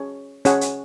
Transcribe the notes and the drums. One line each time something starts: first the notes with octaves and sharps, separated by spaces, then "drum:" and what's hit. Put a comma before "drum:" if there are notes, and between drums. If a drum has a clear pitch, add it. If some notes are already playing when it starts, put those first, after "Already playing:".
Already playing: C#4 G#4 C#5
C#4 G#4 C#5 F#5, drum: hi-hat
drum: hi-hat